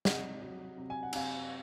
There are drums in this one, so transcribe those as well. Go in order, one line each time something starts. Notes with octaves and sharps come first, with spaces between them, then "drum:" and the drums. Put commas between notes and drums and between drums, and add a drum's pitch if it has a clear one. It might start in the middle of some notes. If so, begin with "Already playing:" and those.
C3 D#5 F#5, drum: snare
F#3
C3
G#5
F#5
C3 F5 G#5, drum: cymbal